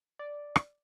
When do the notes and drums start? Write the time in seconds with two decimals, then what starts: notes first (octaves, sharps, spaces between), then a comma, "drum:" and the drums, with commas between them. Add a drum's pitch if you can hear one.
0.19 D5
0.56 drum: rim click